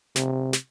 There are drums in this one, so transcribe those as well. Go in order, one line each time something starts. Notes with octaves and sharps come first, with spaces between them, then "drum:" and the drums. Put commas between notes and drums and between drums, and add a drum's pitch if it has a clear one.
C3, drum: snare
drum: snare